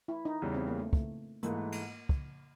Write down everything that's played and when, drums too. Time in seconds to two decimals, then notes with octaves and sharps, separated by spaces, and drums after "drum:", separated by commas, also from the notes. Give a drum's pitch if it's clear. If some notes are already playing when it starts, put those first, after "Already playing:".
0.08 E4
0.25 D#4
0.42 E2 C#3 E3 G3
0.54 C4
0.68 A#3
0.80 A3
0.93 A3, drum: kick
1.43 G#2 E3 A3 A#3, drum: hi-hat
1.72 drum: cymbal
2.09 drum: kick